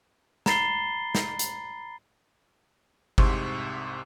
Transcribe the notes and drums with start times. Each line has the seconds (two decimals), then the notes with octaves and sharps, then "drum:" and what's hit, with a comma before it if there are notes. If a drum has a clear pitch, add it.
0.46 A#5 B5 A6 C7 G7, drum: snare
1.15 drum: snare
1.39 drum: hi-hat
3.18 C2 G#2 C3 C6 C#6, drum: kick G1